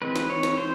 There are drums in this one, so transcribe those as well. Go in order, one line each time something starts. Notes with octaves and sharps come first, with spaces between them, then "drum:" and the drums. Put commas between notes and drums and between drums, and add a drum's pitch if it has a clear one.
E3 G#3 C4 B4
drum: snare
C#5
drum: snare
C5